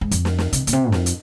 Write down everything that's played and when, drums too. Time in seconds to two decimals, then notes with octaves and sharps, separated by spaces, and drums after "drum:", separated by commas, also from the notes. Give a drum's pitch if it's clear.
0.01 G#2
0.11 F2, drum: hi-hat
0.25 drum: snare
0.38 drum: snare
0.53 C3, drum: hi-hat
0.67 A#2, drum: hi-hat
0.73 C3
0.92 F2, drum: snare
1.06 drum: hi-hat